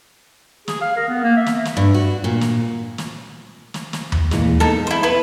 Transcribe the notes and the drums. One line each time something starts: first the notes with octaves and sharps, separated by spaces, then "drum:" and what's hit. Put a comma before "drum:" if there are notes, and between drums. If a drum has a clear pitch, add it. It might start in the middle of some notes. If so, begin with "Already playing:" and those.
G#4, drum: snare
F5
A#4
B3
A#3
E5
drum: snare
drum: snare
G2
F#4
A#2
drum: snare
drum: snare
drum: snare
drum: snare
drum: tom D#2
A#2 E3 G#3, drum: snare
G#3 B3 D#4 A4
E4 C5
E4 B4